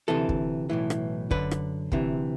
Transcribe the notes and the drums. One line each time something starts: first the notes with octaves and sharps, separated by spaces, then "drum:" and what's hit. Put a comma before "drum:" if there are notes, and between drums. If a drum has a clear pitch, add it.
D2 C3 E3 A4
drum: kick
B1 A2 E3
drum: rim click
F#2 D3 B4, drum: kick
drum: rim click
D2 C3 E3, drum: kick